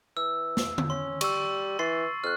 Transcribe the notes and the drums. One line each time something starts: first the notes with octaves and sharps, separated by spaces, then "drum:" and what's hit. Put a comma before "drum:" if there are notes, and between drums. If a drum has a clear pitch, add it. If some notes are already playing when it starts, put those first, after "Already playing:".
E3 E6
drum: snare
drum: tom D3
C#4 C6
G3 C#6 E6, drum: cymbal
E3 C6 A6 C7
F2 F6 F#6